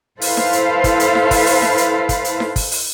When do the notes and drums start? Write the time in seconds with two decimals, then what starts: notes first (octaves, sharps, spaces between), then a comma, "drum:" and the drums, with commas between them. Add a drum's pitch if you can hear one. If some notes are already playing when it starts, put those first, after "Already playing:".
0.21 E4 A4 B4 C5 F5, drum: open hi-hat
0.37 drum: snare D#4
0.53 drum: hi-hat
0.84 drum: kick, hi-hat
1.00 drum: hi-hat
1.15 drum: snare D#4
1.31 drum: kick, open hi-hat
1.46 drum: open hi-hat
1.62 drum: snare D#4
1.78 drum: hi-hat
2.09 drum: kick, hi-hat
2.25 drum: hi-hat
2.40 drum: snare D#4
2.56 drum: kick, open hi-hat
2.71 drum: open hi-hat